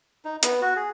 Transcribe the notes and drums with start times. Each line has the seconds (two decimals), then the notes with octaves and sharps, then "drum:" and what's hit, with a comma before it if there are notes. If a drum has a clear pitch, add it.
0.25 D#4
0.43 B3, drum: hi-hat
0.61 F#4
0.76 G#4